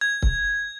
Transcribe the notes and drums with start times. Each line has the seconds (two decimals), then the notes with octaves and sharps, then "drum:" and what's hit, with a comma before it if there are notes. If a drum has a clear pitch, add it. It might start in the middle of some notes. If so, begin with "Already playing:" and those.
0.01 G#6
0.22 drum: kick C#1